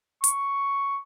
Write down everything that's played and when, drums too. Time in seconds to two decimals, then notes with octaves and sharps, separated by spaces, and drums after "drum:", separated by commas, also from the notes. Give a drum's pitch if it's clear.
0.24 C#6, drum: hi-hat